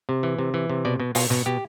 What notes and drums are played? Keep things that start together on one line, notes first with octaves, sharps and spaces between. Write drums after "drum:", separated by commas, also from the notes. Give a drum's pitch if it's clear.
C3
E3
C3
E3
C3
B2 D5
B2
B2 F4, drum: open hi-hat
B2, drum: snare
B2 G4